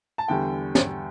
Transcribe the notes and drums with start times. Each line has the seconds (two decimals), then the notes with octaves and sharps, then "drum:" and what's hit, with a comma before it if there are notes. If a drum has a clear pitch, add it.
0.18 A5
0.28 E2 D3 G3 G5
0.75 drum: snare